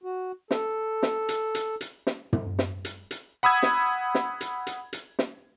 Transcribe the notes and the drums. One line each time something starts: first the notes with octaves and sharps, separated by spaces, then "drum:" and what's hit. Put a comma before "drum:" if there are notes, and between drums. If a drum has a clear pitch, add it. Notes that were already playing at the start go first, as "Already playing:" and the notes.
F#4
A4, drum: snare
drum: snare
drum: hi-hat
drum: hi-hat
drum: hi-hat
drum: snare
drum: tom
drum: snare
drum: hi-hat
drum: hi-hat
F#5 B5 D#6 E6 G#6
drum: snare
drum: snare
drum: hi-hat
drum: hi-hat
drum: hi-hat
drum: snare